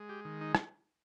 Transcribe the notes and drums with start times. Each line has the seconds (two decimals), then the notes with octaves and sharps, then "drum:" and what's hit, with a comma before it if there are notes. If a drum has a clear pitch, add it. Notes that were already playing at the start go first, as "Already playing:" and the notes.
Already playing: G#3
0.09 G4
0.25 D#3
0.41 D#4
0.55 drum: rim click